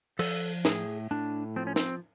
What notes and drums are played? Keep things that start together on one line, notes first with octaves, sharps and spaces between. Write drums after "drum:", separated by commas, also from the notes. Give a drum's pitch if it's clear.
F3 A4, drum: cymbal
A2 G#4, drum: snare
A2 D4
F3 C4
C#4
C4, drum: snare